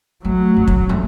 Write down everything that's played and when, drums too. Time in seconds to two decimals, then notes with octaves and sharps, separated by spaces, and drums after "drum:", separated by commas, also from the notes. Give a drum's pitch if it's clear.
0.24 F#3 A3
0.57 B3
0.68 drum: kick
0.89 A3